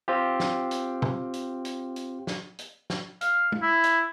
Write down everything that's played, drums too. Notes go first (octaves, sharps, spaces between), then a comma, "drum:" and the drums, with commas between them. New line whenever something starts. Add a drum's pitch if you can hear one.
C4 F4 G4
drum: snare
drum: hi-hat
drum: tom B2
drum: hi-hat
drum: hi-hat
drum: hi-hat
drum: snare
drum: hi-hat
drum: snare
F5, drum: hi-hat
drum: tom
E4
drum: hi-hat